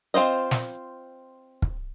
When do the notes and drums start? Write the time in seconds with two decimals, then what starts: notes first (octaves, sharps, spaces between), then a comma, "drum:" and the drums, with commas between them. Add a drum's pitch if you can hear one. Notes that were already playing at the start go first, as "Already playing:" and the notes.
0.14 C4 F4 C5 D#5
0.51 drum: snare
1.62 drum: kick